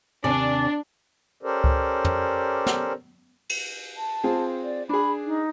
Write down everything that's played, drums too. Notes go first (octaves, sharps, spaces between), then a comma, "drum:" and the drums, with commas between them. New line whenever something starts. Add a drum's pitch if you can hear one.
D#2 C3 D4 D5 G#5
C#4 G4 A4 A#4 C5 D5
drum: kick C#2
drum: tom
drum: snare
drum: cymbal
A5
C4 F4 G#4
D5
D4 G#4 B5
D#4